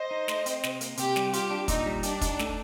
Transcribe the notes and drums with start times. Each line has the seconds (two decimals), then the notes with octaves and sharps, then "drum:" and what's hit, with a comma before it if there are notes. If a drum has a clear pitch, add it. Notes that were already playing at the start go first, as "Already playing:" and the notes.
Already playing: C5 D#5
0.11 D#4
0.28 A3, drum: snare
0.46 C4, drum: hi-hat
0.63 C3, drum: snare
0.81 A#3, drum: hi-hat
0.97 C3 G4, drum: hi-hat
1.16 G3, drum: snare
1.33 F4 G4, drum: hi-hat
1.51 D4
1.68 A#2 D#4, drum: kick, hi-hat
1.86 G3
2.03 D4 G4, drum: hi-hat
2.21 D#4, drum: kick, hi-hat
2.39 A3, drum: snare